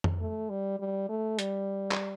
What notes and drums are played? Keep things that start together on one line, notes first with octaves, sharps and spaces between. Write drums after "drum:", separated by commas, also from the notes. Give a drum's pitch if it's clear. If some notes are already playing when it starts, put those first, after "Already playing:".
drum: tom F2
A3
G3
G3
A3
G3, drum: hi-hat
drum: clap